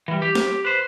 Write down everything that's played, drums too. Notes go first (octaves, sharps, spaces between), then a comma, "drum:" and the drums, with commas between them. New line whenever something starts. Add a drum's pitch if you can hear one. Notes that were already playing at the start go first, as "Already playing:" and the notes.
E3 G3
G4
drum: snare
B4 C5